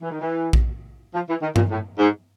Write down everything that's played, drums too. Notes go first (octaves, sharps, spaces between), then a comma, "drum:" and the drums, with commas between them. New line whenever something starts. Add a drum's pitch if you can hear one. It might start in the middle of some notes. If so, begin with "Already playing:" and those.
E3
D#3
E3
drum: kick A#1
F3
E3
D#3
A#2, drum: tom G2
A2
G#2